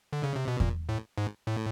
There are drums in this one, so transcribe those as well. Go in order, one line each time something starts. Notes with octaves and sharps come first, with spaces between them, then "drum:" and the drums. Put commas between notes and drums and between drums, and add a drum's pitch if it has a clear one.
D3
C#3
C3
B2
A#2, drum: kick E2
A2
G#2
A2